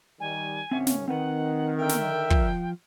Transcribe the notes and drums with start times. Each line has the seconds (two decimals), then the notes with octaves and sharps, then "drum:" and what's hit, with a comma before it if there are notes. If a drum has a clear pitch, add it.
0.20 D#3 G3 G#5
0.71 G#1 C#3 C4 C#4 E5 F#5
0.87 drum: snare
1.08 D#3 C4 B4 F#5
1.78 D3 A#4 E5 G5
1.89 drum: snare
2.30 F3 F4, drum: kick